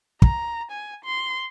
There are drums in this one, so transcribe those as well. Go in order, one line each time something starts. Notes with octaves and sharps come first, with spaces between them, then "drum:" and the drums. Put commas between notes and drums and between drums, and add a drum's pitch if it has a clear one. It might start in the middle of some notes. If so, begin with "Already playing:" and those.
A#5, drum: kick
G#5
C6